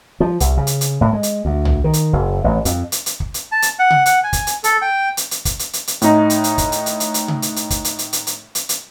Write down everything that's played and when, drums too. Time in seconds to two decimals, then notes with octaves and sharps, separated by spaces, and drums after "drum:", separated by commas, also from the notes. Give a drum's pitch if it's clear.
0.20 F3
0.40 C2, drum: hi-hat
0.57 C#3
0.67 drum: hi-hat
0.81 drum: hi-hat
1.01 A2
1.13 G#3
1.23 drum: hi-hat
1.45 D2
1.65 drum: tom
1.84 D#3
1.93 drum: hi-hat
2.13 F#1
2.44 A1
2.65 F2, drum: hi-hat
2.92 drum: hi-hat
3.06 drum: hi-hat
3.20 drum: kick
3.34 drum: hi-hat
3.52 A5
3.62 drum: hi-hat
3.79 F#5
3.90 drum: tom C3
4.06 F#5, drum: hi-hat
4.24 G#5
4.33 drum: kick, hi-hat
4.47 drum: hi-hat
4.64 A4, drum: hi-hat
4.82 G5
5.17 drum: hi-hat
5.31 drum: hi-hat
5.45 drum: kick, hi-hat
5.59 drum: hi-hat
5.73 drum: hi-hat
5.87 drum: hi-hat
6.02 A2 D#4, drum: hi-hat
6.30 drum: hi-hat
6.44 drum: hi-hat
6.58 drum: kick, hi-hat
6.72 drum: hi-hat
6.86 drum: hi-hat
7.00 drum: hi-hat
7.14 drum: hi-hat
7.28 drum: tom C3
7.42 drum: hi-hat
7.56 drum: hi-hat
7.70 drum: kick, hi-hat
7.84 drum: hi-hat
7.99 drum: hi-hat
8.13 drum: hi-hat
8.27 drum: hi-hat
8.55 drum: hi-hat
8.69 drum: hi-hat